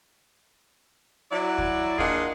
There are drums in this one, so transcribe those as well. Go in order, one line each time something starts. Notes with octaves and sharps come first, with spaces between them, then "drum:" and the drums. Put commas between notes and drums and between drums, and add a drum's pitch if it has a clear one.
F#3 E4 D5
drum: kick
A#3 D4 F4 G#4 D#5 F#5, drum: kick